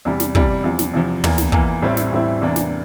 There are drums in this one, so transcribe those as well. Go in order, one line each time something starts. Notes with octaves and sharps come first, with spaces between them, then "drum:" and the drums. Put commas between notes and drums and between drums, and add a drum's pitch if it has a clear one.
E2 C3 G3
drum: snare
E2 C3 G3, drum: kick
E2 C3 F3
drum: snare
E2 C3 F3
E2 E3 A#3, drum: tom
drum: snare
E2 E3 A#3, drum: kick
A1 A2 G3 C4 E4
drum: snare
A1 A2 G3 C4 E4
E2 C3 E3 A#3 D4
drum: snare